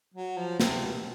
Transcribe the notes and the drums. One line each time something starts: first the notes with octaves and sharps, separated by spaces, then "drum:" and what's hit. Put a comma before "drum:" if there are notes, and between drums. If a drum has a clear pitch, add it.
F#3
F3
C3, drum: snare
B2